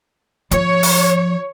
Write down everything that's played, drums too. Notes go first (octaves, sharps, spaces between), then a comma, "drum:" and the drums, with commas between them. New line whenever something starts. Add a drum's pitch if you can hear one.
F3 C#5, drum: hi-hat
drum: open hi-hat